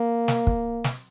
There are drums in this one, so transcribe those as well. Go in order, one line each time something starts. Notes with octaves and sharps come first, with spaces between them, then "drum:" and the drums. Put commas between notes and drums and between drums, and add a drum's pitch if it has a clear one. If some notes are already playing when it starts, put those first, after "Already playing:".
Already playing: A#3
drum: snare
drum: kick
drum: snare